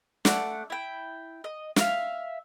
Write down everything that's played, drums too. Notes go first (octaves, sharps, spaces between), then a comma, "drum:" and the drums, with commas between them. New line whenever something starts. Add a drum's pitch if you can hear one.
A3 D5 F#5, drum: snare
E4 G5
D#5
E5 F5, drum: snare